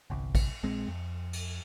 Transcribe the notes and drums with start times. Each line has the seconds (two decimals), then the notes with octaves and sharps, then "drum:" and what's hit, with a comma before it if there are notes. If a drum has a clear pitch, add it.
0.10 G1 C2
0.35 drum: kick A1, cymbal
0.63 A#1 G#3 C4
0.88 F2
1.33 drum: cymbal